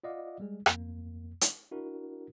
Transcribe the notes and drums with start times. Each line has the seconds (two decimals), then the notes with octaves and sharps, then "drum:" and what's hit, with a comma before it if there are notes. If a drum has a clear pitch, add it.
0.04 F4 D5 D#5 F5 F#5 D6
0.40 G3 G#3 G#4
0.66 F2 A#3, drum: rim click
1.41 drum: hi-hat
1.71 D4 E4 F#4 A#4